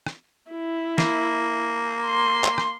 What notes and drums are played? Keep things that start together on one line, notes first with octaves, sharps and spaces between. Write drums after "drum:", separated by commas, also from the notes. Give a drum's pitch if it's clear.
drum: rim click
E4
A#3, drum: snare
C6
drum: clap
drum: rim click